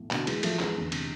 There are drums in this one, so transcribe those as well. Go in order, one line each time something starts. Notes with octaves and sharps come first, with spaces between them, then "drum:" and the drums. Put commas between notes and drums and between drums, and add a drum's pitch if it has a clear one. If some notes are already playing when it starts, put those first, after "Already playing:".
Already playing: B1 A2 E3
B2 D3, drum: clap
E3 G#3, drum: cymbal
F3 A3, drum: cymbal
E3 G#3, drum: clap
E1 E2 D3
C3, drum: cymbal